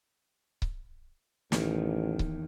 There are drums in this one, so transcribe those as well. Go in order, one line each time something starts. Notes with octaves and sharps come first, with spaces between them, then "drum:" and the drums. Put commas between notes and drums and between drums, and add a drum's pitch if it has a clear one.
drum: kick C#1
A1 E2 D#3, drum: snare
drum: kick C#1